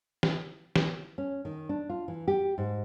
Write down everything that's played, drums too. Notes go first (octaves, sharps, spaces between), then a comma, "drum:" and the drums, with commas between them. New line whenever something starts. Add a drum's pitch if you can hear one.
drum: snare
drum: snare
C#4
D#3
D4
F4
E3
G4
G#2